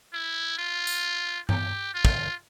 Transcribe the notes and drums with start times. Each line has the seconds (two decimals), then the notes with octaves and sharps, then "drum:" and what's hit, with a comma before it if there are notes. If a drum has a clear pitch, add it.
0.13 E4
0.58 F4
0.87 drum: tambourine
1.49 G4, drum: tom G2
1.94 F4
2.05 drum: kick